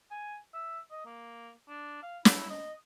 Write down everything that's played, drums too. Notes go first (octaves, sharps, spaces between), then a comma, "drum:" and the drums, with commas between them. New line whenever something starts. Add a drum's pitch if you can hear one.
G#5
E5
D#5
A#3
D4
F5
E4, drum: snare
D#5